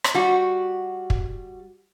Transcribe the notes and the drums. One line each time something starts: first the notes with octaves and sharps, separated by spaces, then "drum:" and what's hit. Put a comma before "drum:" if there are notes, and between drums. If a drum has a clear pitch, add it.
drum: rim click
G3 F#4
drum: kick